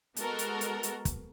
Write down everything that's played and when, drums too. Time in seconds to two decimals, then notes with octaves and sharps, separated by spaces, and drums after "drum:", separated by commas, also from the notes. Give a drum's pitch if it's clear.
0.16 G#3 B3 F#4 A4 A#4, drum: hi-hat
0.39 drum: hi-hat
0.61 drum: hi-hat
0.83 drum: hi-hat
1.05 drum: kick, hi-hat